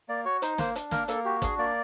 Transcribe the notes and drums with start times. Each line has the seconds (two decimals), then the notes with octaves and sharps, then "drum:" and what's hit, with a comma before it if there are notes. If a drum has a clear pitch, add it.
0.08 A#3 D5
0.25 F#4 C#5
0.42 D#4 C5, drum: hi-hat
0.58 A#3 C5, drum: snare
0.75 D4, drum: hi-hat
0.91 A#3 A#4, drum: snare
1.08 A#3 A4, drum: hi-hat
1.25 F#4 G4
1.42 D4 G#4, drum: kick, hi-hat
1.58 A#3 D5